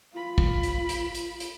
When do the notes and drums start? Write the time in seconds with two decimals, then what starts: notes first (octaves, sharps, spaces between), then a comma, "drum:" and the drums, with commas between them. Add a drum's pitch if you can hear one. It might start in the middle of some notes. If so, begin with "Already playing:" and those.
0.12 F4 B5
0.38 drum: kick
0.63 drum: hi-hat
0.89 drum: hi-hat
1.15 drum: hi-hat
1.40 drum: hi-hat